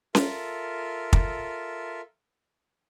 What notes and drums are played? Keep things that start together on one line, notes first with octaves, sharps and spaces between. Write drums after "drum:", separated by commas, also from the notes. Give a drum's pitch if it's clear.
F4 A4 A#4 E5, drum: snare C#4
drum: kick